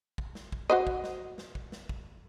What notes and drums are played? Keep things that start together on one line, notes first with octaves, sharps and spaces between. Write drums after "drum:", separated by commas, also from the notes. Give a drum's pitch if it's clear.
drum: kick
drum: snare
drum: kick
F#4 C5 D#5
drum: kick
drum: snare
drum: snare
drum: kick
drum: snare
drum: kick